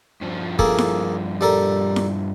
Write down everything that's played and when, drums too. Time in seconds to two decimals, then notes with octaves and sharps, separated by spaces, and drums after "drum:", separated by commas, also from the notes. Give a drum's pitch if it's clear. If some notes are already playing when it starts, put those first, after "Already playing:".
0.21 G2 F3
0.59 A#3 G#4 A4, drum: kick
0.78 drum: snare E4
1.41 G3 A4 A#4
1.96 drum: snare E4